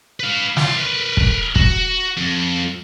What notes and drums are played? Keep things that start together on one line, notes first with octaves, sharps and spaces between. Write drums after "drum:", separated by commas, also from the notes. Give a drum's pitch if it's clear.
B4 F5
E4 C6, drum: snare
A#4 B4
drum: kick
F#4, drum: kick
F2